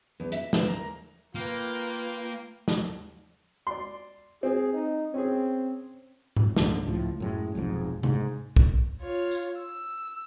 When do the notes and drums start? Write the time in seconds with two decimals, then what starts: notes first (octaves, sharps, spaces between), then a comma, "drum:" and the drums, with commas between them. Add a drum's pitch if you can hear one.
0.20 E2
0.32 E5, drum: hi-hat
0.53 D3 E3 C5 D5, drum: snare
0.68 A#4
1.35 A#3 F4 B4 G5
2.68 drum: snare
3.67 D5 C6
4.43 C4 G#4
4.73 D#4
5.14 C4 C#4 G#4
6.36 drum: tom G#2
6.57 G#1 C#2 A#2 D3, drum: snare
6.87 C#2 A2 F3
7.20 F#2 A2 G#3
7.55 F1 B1 F2 G#2
8.03 G#2, drum: tom C3
8.56 drum: kick
9.01 F4 C#5
9.31 drum: tambourine
9.58 E6